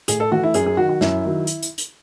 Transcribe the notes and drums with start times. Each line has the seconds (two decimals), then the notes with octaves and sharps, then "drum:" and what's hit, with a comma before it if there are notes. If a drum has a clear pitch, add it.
0.08 A2 G#4, drum: hi-hat
0.20 A4
0.31 E3 A3 F#4
0.43 E4
0.54 F#2 G#4, drum: hi-hat
0.66 G#4
0.77 D#3 F#3 F#4
0.89 F#4
1.01 F#2 E4, drum: snare
1.24 D#3 F#3
1.47 drum: hi-hat
1.63 drum: hi-hat
1.78 drum: hi-hat